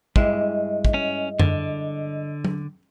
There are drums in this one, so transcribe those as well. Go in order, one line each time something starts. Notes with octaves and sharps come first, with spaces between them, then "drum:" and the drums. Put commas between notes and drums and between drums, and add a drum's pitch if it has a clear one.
G2 G#3 E4 D#5, drum: kick
drum: kick
C#4
D3, drum: tom F#2
drum: tom F#3